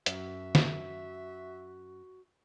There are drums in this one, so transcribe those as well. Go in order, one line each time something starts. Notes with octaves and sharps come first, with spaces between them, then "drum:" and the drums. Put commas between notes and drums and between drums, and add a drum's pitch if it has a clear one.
F#2 F#4 E5, drum: hi-hat
drum: snare